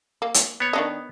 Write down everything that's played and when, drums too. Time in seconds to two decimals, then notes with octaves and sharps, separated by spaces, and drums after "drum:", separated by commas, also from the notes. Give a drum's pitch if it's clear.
0.22 A#3
0.34 drum: hi-hat
0.60 B3 C#5
0.73 D#3 D4 D#5